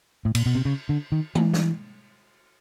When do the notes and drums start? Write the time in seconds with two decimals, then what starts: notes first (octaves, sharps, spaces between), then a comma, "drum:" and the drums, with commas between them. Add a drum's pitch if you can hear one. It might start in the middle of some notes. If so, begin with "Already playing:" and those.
0.25 A2
0.35 A#2, drum: cymbal
0.46 B2
0.55 C3
0.65 C#3
0.89 D3
1.12 D#3
1.35 E3, drum: tom G#3
1.54 drum: snare